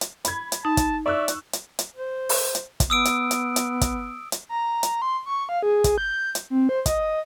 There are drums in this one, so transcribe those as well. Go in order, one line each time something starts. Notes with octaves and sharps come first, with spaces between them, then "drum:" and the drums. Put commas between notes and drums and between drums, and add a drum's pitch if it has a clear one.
drum: hi-hat
B5 G#6, drum: hi-hat
drum: hi-hat
D#4 A5
drum: kick, hi-hat
D5 E5 C#6 E6 F#6
drum: hi-hat
drum: hi-hat
drum: hi-hat
C5
drum: open hi-hat
drum: hi-hat
drum: kick, hi-hat
B3 D#6 E6 D7
drum: hi-hat
drum: hi-hat
drum: hi-hat
drum: kick, hi-hat
drum: hi-hat
A#5
drum: hi-hat
C6
C#6
F5
G#4
drum: kick, hi-hat
G6
drum: hi-hat
C4
C5
D#5, drum: kick, hi-hat